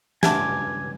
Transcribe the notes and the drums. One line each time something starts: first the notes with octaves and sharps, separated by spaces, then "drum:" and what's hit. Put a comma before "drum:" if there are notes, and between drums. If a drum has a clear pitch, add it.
C#2 G2 A3 D4 E5 G#5 A5 D6, drum: snare